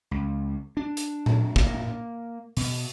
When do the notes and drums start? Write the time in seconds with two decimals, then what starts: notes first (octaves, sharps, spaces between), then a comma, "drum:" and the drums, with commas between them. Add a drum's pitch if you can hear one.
0.11 C#2
0.77 D4
0.97 drum: hi-hat
1.26 drum: tom A#2
1.56 A#3, drum: kick
2.57 B2, drum: open hi-hat